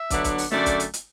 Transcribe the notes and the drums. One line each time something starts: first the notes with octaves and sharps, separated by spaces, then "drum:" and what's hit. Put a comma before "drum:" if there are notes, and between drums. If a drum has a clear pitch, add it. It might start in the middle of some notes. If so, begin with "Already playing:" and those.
Already playing: E5
D3 F#3 B3 D4, drum: kick, hi-hat
drum: kick, hi-hat
drum: open hi-hat
F#2 D3 A3 D5, drum: snare
drum: kick, hi-hat
drum: hi-hat
drum: hi-hat